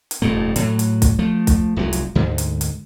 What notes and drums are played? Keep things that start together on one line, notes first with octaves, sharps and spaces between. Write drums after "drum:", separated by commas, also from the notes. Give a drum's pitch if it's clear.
drum: hi-hat
D#1 F2 G#2 A3
A2 F#3, drum: hi-hat
drum: hi-hat
drum: kick, hi-hat
F3 A3
drum: kick, hi-hat
F1 C2 F#3 G#3
drum: hi-hat
D2 G#2
drum: hi-hat
drum: hi-hat